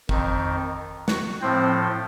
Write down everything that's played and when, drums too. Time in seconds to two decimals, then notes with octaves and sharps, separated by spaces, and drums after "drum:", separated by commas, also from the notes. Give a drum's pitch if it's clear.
0.09 F2 D#3, drum: kick
1.08 F#4 F#5, drum: snare
1.41 A2 F3 C4 C5